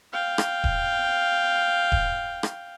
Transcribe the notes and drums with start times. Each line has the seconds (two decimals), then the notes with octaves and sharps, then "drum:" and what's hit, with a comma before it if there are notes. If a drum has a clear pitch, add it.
0.12 F5 G5
0.38 drum: rim click
0.64 drum: kick D#1
1.92 drum: kick D#1
2.43 drum: rim click